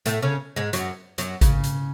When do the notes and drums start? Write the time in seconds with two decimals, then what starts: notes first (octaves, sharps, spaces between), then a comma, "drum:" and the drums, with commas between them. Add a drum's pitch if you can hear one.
0.06 A2 A3, drum: hi-hat
0.22 C#3 C#4
0.56 G#2 G#3
0.73 F#2 F#3, drum: hi-hat
1.18 F#2 F#3, drum: hi-hat
1.41 C#3, drum: kick G#1, hi-hat
1.64 drum: hi-hat